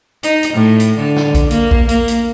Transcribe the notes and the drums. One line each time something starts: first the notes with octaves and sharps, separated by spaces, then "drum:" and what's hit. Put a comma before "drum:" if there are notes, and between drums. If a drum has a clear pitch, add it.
D#4, drum: hi-hat
drum: hi-hat
A2
drum: hi-hat
D3
drum: snare
drum: kick A#1, hi-hat
A#3, drum: hi-hat
drum: kick A#1
A#3, drum: hi-hat
drum: hi-hat